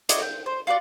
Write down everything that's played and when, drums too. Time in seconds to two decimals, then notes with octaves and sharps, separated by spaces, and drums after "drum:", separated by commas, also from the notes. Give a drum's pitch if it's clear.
0.09 D4 E4 F#4 D#5, drum: hi-hat
0.22 G5
0.46 C5
0.67 F4 F#4 B4 D5